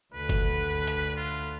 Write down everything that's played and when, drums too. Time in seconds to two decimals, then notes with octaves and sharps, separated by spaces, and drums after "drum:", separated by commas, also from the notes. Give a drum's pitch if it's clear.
0.14 D2 D3 B4
0.29 drum: kick G1, hi-hat
0.87 drum: hi-hat
1.16 F4